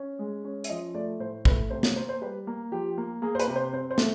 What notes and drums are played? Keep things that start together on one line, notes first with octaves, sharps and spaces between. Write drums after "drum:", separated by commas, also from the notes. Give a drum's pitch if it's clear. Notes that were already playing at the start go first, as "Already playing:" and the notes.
Already playing: C#4
G#3
C#4
E5, drum: hi-hat
F3 D#5
A3 D5
A2 C5
A3 B4, drum: kick
C3 C5
C#5, drum: snare
A#3 C5
C5
G3 B4
A#3
F3 G4
A#3
A#3 G#4
C5
B4, drum: hi-hat
C3
C5
C4 C5
C5
A3, drum: snare